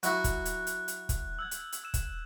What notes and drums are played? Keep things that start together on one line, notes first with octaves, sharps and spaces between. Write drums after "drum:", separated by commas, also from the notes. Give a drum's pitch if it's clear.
F#3 E4 F#4 F#6, drum: hi-hat
drum: kick, hi-hat
drum: hi-hat
drum: hi-hat
drum: hi-hat
drum: kick, hi-hat
E6 G6 G#6
drum: hi-hat
drum: hi-hat
E6 E7
drum: kick, hi-hat